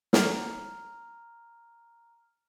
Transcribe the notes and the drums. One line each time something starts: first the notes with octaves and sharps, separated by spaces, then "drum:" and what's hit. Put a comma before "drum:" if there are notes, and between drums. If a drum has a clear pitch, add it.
A#5 F6, drum: snare